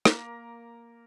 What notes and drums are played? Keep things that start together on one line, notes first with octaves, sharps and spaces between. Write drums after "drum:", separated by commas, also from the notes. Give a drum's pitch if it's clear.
A#3 A#4, drum: rim click